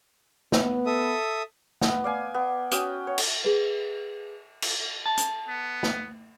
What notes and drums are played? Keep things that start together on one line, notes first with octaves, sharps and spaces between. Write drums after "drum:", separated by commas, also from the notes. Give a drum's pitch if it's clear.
B3, drum: snare
A4 E5 D#6
B3, drum: snare
D5 F5 G#5
B3
C#4 F#4 G5 D#6, drum: hi-hat
C#5
drum: cymbal
G#4 B4
drum: cymbal
A5
drum: hi-hat
B3
drum: snare